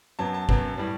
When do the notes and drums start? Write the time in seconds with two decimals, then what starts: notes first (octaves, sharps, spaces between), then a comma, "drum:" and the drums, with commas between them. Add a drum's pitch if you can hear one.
0.19 F#2 F#3 B3 A5
0.34 A5
0.49 F#2 F#3 B3, drum: kick
0.78 A2 G3